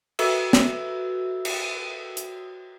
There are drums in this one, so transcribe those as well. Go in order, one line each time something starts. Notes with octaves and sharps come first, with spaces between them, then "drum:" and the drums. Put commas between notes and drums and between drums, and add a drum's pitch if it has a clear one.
F#4 A4 B4 E5 E6, drum: cymbal
drum: snare
drum: cymbal
drum: hi-hat